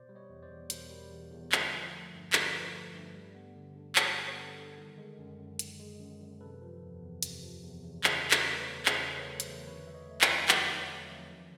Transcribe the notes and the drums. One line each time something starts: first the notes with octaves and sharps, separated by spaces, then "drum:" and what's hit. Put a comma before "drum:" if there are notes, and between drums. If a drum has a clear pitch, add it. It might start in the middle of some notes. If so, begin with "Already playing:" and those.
Already playing: B2 C5 D5
G3
C#5 D#5
E2
C5 D5
E2
B2 A#4 C5, drum: hi-hat
G3
E2
E2
D3, drum: clap
F3
A3
G2
D3 A4 B4, drum: clap
F3
A3
G2
G3
B3
D3
D3
G3 A4, drum: clap
B3
D3
D3
D#3 A#4
G#3
F#2
F#2
D#3, drum: hi-hat
G#3
F#2
F#2
C3 A4 B4
F3
E2
E2
C3, drum: hi-hat
F3
E2
E2
C#3 A#4, drum: clap
F#3
A4 B4, drum: clap
A3
B4 C#5
E2
C#3 A#4 C5, drum: clap
F#3
B4 C#5
A3
A#4 C5, drum: hi-hat
E2
D3 B4 C#5
F#3 E5
C#5 D#5
A3
D#5 F5, drum: clap
F2
D3 G#5 A#5, drum: clap
F#3
A3
F2
D#3